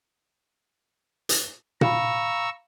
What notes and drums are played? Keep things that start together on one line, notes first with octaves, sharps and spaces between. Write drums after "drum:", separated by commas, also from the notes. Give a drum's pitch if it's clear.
drum: hi-hat
F5 A#5 B5 C#6 E6, drum: tom A#2